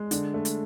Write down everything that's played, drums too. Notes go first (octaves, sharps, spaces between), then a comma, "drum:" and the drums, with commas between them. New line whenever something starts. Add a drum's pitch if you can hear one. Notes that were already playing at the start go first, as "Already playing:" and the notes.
Already playing: G#3
D3, drum: hi-hat
A3
drum: hi-hat